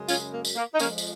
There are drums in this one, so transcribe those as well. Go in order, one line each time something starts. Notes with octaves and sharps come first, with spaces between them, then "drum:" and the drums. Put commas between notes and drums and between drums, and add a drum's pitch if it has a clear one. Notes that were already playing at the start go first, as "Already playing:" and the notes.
Already playing: F#2 C#3 G#3
C#4 F4, drum: tambourine
A#3
drum: tambourine
A#3
D#4
F2 F3 G#3 A#3 C#4, drum: tambourine
drum: tambourine